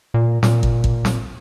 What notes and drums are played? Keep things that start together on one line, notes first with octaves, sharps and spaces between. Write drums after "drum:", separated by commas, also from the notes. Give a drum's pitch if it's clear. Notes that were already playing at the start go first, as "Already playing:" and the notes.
A#2
A#2, drum: snare
drum: kick
drum: kick
drum: snare